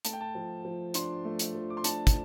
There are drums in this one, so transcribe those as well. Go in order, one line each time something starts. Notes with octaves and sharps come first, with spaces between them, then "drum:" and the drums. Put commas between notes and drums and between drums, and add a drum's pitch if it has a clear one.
A3 A5, drum: hi-hat
G5
A5
F3
F3
D4 C6, drum: hi-hat
A3
drum: hi-hat
F3
D6
C6
D4 A5, drum: hi-hat
drum: kick, hi-hat